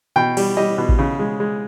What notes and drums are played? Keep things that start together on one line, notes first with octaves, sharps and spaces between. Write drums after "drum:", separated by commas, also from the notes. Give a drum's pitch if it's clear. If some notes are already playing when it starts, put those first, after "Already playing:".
B2 G5
G3, drum: cymbal
G3 D#5
B2
drum: kick A1
C#3
G#3
G#3